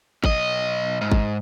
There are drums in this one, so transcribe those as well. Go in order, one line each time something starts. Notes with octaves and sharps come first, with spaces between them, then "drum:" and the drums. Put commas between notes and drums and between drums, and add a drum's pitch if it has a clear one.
B1 D#5, drum: kick G#1
G#2
drum: kick G#1